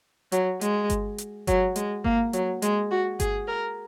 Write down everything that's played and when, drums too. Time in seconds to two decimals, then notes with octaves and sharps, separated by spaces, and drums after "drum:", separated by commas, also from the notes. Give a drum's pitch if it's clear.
0.32 F#3, drum: hi-hat
0.61 G#3, drum: hi-hat
0.90 drum: kick G1, hi-hat
1.18 drum: hi-hat
1.47 F#3, drum: kick G1, hi-hat
1.76 G#3, drum: hi-hat
2.04 A#3, drum: kick G1
2.33 F#3, drum: hi-hat
2.62 G#3, drum: hi-hat
2.91 F#4
3.20 G#4, drum: kick G1, hi-hat
3.48 A#4